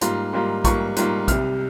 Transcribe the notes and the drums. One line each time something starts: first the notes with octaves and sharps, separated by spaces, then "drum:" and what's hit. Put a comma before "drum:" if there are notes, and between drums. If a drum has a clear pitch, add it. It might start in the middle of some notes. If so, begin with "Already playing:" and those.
G#2 G3 A#3 F4 C6, drum: hi-hat
G#2 G3 A#3 F4
G#2 G3 A#3 F4 C#6, drum: kick A#1, hi-hat
G#2 G3 A#3 F4, drum: hi-hat
C2 C3 G3 F6, drum: kick A#1, hi-hat